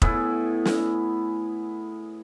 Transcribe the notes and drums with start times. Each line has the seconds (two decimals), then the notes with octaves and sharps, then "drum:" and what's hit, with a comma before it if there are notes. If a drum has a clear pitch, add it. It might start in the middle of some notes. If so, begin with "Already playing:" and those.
0.02 A2 B3 E4 G#4, drum: kick F1
0.65 drum: snare